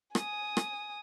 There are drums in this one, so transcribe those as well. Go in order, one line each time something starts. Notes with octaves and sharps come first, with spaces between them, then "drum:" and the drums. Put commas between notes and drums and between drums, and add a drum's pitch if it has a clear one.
G#5 D#6, drum: rim click
drum: rim click